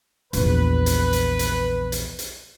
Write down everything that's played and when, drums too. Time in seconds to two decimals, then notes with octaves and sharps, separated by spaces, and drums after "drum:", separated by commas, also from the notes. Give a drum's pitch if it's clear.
0.33 A#1 E2 B4, drum: hi-hat
0.86 drum: hi-hat
1.13 drum: hi-hat
1.39 drum: hi-hat
1.92 drum: hi-hat
2.19 drum: hi-hat